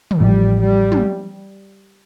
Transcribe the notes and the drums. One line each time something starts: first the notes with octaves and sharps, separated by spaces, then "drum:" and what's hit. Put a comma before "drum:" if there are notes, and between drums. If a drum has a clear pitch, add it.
drum: tom
A1 A2 F3 G3
G3
drum: tom